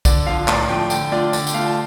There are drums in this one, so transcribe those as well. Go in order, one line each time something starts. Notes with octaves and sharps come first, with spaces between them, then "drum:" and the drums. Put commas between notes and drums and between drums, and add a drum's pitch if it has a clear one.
D3 D5, drum: kick B1, tambourine
F3 D4 F4 F5
A2 D5, drum: clap
F3 A3 G5
D3 G5, drum: tambourine
A3 D4 F4 D5
D3 D5, drum: tambourine
G5, drum: tambourine
A3 F4 F5
A5